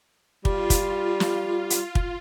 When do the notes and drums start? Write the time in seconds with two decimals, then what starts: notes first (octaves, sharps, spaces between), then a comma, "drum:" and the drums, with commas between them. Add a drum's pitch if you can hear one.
0.45 G3 F4, drum: kick
0.70 drum: kick, hi-hat
1.20 drum: snare
1.70 drum: hi-hat
1.95 drum: kick